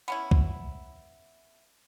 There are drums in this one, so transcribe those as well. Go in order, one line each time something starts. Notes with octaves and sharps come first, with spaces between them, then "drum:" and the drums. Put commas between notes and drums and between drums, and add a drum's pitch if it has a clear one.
B3 C#4 E4
drum: kick C2